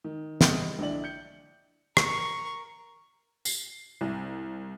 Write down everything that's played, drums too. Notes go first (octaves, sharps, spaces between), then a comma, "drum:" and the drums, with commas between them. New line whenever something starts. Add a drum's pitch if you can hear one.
D#3
G3 D#5 G7, drum: snare
A#1 D3 D4 E4 D5 F#7
G6 C#7
A#4 C#6, drum: rim click
C7, drum: tambourine
C2